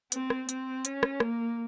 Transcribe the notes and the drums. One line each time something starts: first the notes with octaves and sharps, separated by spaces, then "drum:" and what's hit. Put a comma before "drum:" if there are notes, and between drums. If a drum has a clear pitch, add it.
C4, drum: hi-hat
drum: rim click
C4, drum: hi-hat
C#4, drum: hi-hat
drum: rim click
A#3, drum: rim click